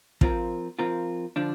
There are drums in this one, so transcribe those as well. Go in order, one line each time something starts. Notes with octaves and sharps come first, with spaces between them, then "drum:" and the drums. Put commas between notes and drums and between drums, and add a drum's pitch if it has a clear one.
F3 C4 F4 A#4, drum: kick
F3 C4 F4 A#4
D3 F3 D4